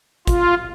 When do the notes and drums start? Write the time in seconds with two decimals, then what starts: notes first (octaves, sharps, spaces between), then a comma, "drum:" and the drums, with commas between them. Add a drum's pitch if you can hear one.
0.27 F4, drum: kick G#1, hi-hat